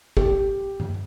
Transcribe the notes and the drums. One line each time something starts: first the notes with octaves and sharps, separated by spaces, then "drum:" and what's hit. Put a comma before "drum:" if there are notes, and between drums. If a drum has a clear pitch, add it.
G4, drum: kick
drum: tom G2